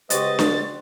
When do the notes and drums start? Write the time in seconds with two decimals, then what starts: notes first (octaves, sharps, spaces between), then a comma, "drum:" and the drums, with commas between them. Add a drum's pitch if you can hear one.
0.10 C#3 G#3 F#4 G4 B4 C5 D#5 A6, drum: hi-hat
0.39 drum: snare D4